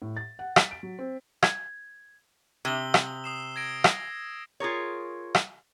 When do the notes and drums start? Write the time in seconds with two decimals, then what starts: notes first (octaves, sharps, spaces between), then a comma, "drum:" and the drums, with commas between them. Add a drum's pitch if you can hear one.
0.02 A2
0.17 A6
0.39 F#5
0.56 B6, drum: rim click
0.71 D7
0.83 F#3
0.99 C4
1.43 G#6, drum: rim click
2.65 C3 D#6 E6 G7
2.94 drum: rim click
3.24 D#6 C7 E7
3.56 G#6 A#6 D7
3.84 drum: rim click
4.60 F4 G#4 A#4 C#5
5.35 drum: rim click